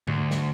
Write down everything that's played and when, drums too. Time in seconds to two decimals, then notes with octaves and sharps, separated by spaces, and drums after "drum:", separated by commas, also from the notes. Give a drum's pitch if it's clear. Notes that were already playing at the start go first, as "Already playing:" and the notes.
0.07 D2, drum: tom G#2
0.31 drum: snare